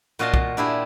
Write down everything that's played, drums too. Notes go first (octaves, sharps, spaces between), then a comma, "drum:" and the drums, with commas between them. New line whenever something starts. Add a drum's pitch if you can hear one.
A#2 F#4 D#5 F5 A5 C6
drum: kick
D4 E4 G4 G#4